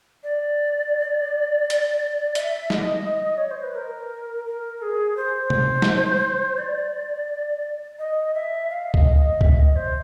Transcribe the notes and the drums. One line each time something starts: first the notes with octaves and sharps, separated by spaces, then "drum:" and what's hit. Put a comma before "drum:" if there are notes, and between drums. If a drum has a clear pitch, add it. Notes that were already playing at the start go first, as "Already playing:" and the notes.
D5
drum: hi-hat
E5, drum: hi-hat
D#5, drum: snare
C#5
C5
B4
A#4
A#4
G#4
C5
drum: tom C3
drum: snare
D5
D#5
E5
F5
D#5, drum: kick C#2
D#5
E5, drum: kick C#2
D#5
C5